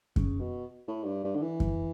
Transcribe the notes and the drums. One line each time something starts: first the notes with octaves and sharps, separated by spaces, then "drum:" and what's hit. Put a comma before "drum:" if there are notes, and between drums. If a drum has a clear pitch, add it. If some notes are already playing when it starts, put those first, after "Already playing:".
C#3, drum: kick F#2
B2
A2
G2
G2
D3
E3
drum: kick F#2